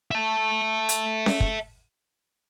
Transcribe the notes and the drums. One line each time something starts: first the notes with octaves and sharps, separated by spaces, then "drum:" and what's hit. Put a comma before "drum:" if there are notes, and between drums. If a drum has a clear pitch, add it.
E5 A5
drum: hi-hat
drum: snare C#4
drum: kick